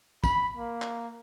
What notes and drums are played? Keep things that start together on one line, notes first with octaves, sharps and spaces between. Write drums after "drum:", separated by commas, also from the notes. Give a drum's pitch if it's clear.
B5, drum: kick, tambourine
A#3
drum: clap